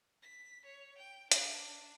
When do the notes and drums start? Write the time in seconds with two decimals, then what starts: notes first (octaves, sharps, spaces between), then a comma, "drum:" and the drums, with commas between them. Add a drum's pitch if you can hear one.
0.22 B6
0.66 C#5
0.98 G5
1.32 D4, drum: hi-hat